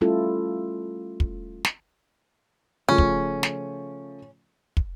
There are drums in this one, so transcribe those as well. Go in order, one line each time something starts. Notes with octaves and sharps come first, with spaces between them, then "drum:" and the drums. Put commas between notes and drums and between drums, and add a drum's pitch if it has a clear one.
G3 A3 C#4 E4 F4 A4
drum: kick
drum: snare
C#3 F3 A3 C#4
drum: kick
drum: snare
drum: kick